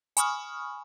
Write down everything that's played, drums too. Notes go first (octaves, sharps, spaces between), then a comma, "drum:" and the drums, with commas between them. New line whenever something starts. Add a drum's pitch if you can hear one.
G#5 B5 C#6 D#6 F6, drum: hi-hat